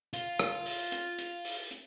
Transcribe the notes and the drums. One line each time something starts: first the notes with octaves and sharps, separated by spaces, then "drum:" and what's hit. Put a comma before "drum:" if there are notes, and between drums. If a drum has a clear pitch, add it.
F4, drum: hi-hat
drum: rim click
drum: open hi-hat
drum: hi-hat
drum: hi-hat
drum: open hi-hat
drum: hi-hat